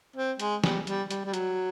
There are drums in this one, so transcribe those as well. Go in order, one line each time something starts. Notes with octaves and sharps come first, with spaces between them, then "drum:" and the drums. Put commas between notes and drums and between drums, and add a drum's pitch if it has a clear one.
C4
G#3, drum: hi-hat
G3, drum: snare
G3, drum: hi-hat
G3, drum: hi-hat
G3
F#3, drum: hi-hat